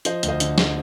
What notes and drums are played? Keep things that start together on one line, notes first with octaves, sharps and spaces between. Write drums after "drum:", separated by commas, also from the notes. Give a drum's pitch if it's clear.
F3 C5 D#5, drum: hi-hat
D2, drum: hi-hat
C5 D#5
D3, drum: hi-hat
drum: snare